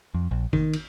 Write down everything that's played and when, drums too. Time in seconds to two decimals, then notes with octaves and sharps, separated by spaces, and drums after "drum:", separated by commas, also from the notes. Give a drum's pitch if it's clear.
0.14 F2
0.31 A#1
0.53 D#3, drum: kick G#1
0.73 drum: cymbal